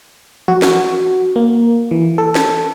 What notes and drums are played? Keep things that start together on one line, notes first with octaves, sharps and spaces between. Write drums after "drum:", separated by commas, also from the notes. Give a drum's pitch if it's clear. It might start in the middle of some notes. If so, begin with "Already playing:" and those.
F#4, drum: tom E3
drum: snare
A#3
E3
A4
drum: snare